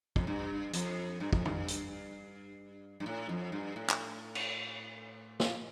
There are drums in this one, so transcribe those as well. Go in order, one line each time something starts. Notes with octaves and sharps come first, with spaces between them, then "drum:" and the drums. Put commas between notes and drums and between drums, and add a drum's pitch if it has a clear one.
F2, drum: kick
G2
F2, drum: hi-hat
G2
F2, drum: kick
G2, drum: tom
drum: hi-hat
G2
A2
F2
G2
A2
drum: clap
drum: cymbal
drum: snare